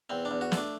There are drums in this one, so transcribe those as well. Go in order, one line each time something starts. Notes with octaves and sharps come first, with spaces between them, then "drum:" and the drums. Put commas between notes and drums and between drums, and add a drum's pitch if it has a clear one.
E2 C4
D4
E2
F#4
A3, drum: snare
D4